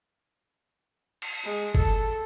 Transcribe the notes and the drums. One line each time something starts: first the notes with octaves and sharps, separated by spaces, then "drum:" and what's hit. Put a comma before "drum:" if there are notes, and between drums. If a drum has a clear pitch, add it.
drum: cymbal
G#3
A4, drum: kick G1